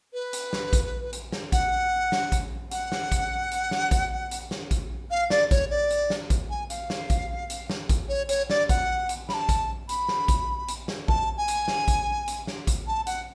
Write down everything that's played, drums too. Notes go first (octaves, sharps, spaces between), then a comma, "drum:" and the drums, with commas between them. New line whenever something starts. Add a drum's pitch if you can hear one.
B4
drum: hi-hat
drum: snare
drum: kick A1, hi-hat
drum: hi-hat
drum: snare
F#5, drum: kick A1, hi-hat
drum: snare
drum: kick A1, hi-hat
F#5, drum: hi-hat
drum: snare
drum: kick A1, hi-hat
drum: hi-hat
drum: snare
drum: kick A1, hi-hat
drum: hi-hat
drum: snare
drum: kick A1, hi-hat
F5
D5, drum: snare
C#5, drum: kick A1, hi-hat
D5
drum: hi-hat
drum: snare
drum: kick A1, hi-hat
G#5
F5, drum: hi-hat
drum: snare
drum: kick A1, hi-hat
drum: hi-hat
drum: snare
drum: kick A1, hi-hat
C#5
C#5, drum: hi-hat
D5, drum: snare
F#5, drum: kick A1, hi-hat
drum: hi-hat
B5, drum: snare
A5
drum: kick A1, hi-hat
B5, drum: hi-hat
drum: snare
drum: kick A1, hi-hat
drum: hi-hat
drum: snare
A5, drum: kick A1
G#5
drum: hi-hat
drum: snare
drum: kick A1, hi-hat
drum: hi-hat
drum: snare
drum: kick A1, hi-hat
A5
F#5, drum: hi-hat